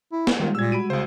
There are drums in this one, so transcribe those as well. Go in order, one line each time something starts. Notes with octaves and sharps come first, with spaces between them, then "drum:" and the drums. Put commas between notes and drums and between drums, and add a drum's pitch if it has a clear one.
E4
drum: snare
D#3 G3 G#3 D#4 F4
A#2 E6 G#6
F#4 B5 D7 D#7
C2 C#3 C5